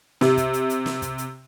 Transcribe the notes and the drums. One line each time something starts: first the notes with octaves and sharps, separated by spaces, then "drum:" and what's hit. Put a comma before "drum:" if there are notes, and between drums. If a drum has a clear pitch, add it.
C3, drum: snare
drum: kick, hi-hat
drum: hi-hat
drum: hi-hat
drum: snare
drum: kick, hi-hat
drum: hi-hat